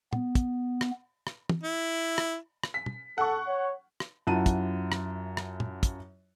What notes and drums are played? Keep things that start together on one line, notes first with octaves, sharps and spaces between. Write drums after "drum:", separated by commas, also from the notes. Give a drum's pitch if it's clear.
B3, drum: tom
drum: kick, hi-hat
drum: rim click
drum: rim click
drum: tom
E4
drum: rim click
drum: rim click
B6
drum: tom
A4 F#5 C#6
C#5
drum: rim click
F#2 E4 F4 F#5 A5 D#7
drum: kick, hi-hat
drum: rim click
drum: rim click
drum: tom
drum: kick, hi-hat